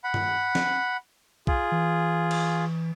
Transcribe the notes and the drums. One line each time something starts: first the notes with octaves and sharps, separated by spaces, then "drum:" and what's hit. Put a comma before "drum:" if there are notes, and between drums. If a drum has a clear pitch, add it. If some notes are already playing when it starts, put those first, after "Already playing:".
F#5 B5
drum: tom G2
drum: snare
F4 G#4, drum: kick B1
E3
drum: cymbal